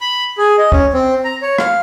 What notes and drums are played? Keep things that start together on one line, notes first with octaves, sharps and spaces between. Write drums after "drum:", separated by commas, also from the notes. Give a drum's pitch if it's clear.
B5
G#4
D#5
C#4, drum: kick
C4
A#5
C#5
F5, drum: rim click